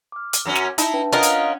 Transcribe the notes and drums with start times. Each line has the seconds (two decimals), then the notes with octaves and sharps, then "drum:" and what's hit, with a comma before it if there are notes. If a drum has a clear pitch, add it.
0.12 D6 F6
0.33 drum: hi-hat
0.45 F#2 F#3 C#4
0.55 drum: snare
0.78 D#4 E4 E5 A5, drum: hi-hat
0.94 D4 B4 G5
1.13 C#4 D4 F4 A#4 D#5 F#5 F#6
1.23 drum: hi-hat